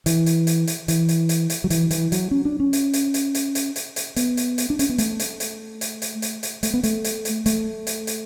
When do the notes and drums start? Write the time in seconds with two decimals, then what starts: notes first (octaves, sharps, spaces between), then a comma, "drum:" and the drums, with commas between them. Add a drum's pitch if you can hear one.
0.06 E3, drum: hi-hat
0.26 drum: hi-hat
0.47 drum: hi-hat
0.67 drum: hi-hat
0.88 E3, drum: hi-hat
1.09 drum: hi-hat
1.29 drum: hi-hat
1.50 drum: hi-hat
1.64 F#3
1.70 E3, drum: hi-hat
1.91 E3, drum: hi-hat
2.12 F#3, drum: hi-hat
2.31 C#4
2.45 D4
2.60 C#4
2.73 drum: hi-hat
2.93 drum: hi-hat
3.14 drum: hi-hat
3.35 drum: hi-hat
3.55 drum: hi-hat
3.76 drum: hi-hat
3.96 drum: hi-hat
4.16 B3, drum: hi-hat
4.37 drum: hi-hat
4.58 drum: hi-hat
4.70 D4
4.79 C#4, drum: hi-hat
4.89 B3
4.98 A3, drum: hi-hat
5.20 drum: hi-hat
5.40 drum: hi-hat
5.81 drum: hi-hat
6.02 drum: hi-hat
6.22 drum: hi-hat
6.43 drum: hi-hat
6.63 A3, drum: hi-hat
6.74 B3
6.83 A3, drum: hi-hat
7.04 drum: hi-hat
7.25 drum: hi-hat
7.46 A3, drum: hi-hat
7.87 drum: hi-hat
8.07 drum: hi-hat